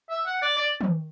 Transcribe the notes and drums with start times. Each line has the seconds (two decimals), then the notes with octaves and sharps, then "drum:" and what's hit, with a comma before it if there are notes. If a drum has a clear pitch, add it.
0.10 E5
0.26 F#5
0.42 D5
0.57 D5
0.81 drum: tom